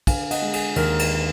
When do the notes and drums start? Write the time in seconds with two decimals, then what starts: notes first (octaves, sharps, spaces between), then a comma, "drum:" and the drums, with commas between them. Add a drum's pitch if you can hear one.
0.07 D3 F5 G#5, drum: kick, cymbal
0.31 D#5 F#5, drum: cymbal
0.42 G#3
0.53 G#4, drum: cymbal
0.76 D#2 A#4, drum: cymbal
0.99 drum: cymbal